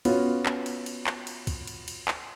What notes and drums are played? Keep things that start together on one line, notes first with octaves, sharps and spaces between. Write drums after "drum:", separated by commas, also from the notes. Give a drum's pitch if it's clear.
B3 C#4 F4 F#4, drum: cymbal
drum: clap
drum: cymbal
drum: cymbal
drum: clap
drum: cymbal
drum: kick, cymbal
drum: cymbal
drum: cymbal
drum: clap